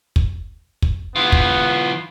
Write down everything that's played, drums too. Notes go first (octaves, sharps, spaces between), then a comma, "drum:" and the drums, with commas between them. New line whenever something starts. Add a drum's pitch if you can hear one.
drum: kick
drum: kick
E3 B3 F4
drum: kick